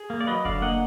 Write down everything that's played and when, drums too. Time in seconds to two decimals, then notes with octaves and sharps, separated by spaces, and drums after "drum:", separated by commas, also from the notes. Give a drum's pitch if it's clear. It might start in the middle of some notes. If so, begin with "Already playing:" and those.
Already playing: G#4
0.10 A#3
0.21 D5
0.27 F#3 B4 D#5
0.45 D3 D5 F5, drum: kick F1
0.62 A#3 D#5 F#5